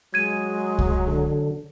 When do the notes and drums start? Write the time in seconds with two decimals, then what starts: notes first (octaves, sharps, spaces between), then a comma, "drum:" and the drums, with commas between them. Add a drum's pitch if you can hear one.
0.14 F#3 G#3 G#6 D#7
0.78 drum: kick C2
1.07 D3